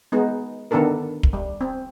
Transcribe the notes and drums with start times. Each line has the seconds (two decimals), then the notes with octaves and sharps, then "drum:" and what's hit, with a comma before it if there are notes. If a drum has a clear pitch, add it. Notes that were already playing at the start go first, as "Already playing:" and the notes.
0.12 G#3 B3 D#4
0.71 D3 D#3 B3 D4 A4 A#4
1.23 drum: kick
1.33 G3
1.61 C4